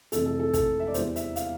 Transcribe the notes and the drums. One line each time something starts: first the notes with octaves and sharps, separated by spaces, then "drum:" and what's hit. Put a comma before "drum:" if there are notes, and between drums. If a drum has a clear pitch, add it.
F2 C3 E3 A3 A4, drum: hi-hat
A4
A4
A4, drum: kick, hi-hat
E5
D5
E2 E3 G3 C5, drum: hi-hat
E5, drum: hi-hat
F5, drum: hi-hat